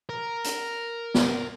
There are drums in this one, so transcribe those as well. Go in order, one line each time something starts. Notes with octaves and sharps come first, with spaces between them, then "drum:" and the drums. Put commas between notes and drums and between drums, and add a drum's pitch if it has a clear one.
A#4
drum: hi-hat
drum: snare